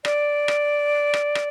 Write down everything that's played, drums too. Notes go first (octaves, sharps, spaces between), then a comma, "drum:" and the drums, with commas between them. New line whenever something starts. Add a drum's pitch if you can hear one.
D5, drum: rim click
drum: rim click
drum: rim click
drum: rim click